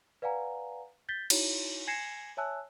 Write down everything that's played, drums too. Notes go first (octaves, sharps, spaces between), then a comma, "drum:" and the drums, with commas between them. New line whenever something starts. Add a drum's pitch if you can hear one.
B4 D5 F5 F#5 G#5 A#5
G6 A6 B6 G7
D#4 E4 F#4 C#5, drum: cymbal
G#5 G#6 A#6 C7 C#7 E7
C#5 E5 G#5 A5 E6 F#6